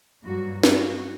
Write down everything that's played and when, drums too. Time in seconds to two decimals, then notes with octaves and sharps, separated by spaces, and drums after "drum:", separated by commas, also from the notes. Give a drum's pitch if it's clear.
0.23 G2 F#3 A#3 F#4
0.63 F#4, drum: snare